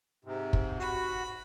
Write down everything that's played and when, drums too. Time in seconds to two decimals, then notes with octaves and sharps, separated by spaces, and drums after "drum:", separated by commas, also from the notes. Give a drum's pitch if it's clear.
0.25 G#2 C3
0.53 drum: kick
0.79 F#4 B5